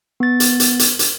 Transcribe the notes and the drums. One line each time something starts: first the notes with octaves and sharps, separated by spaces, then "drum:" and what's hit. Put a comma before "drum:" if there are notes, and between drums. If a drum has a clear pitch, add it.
B3 A6
drum: hi-hat
drum: hi-hat
drum: hi-hat
drum: hi-hat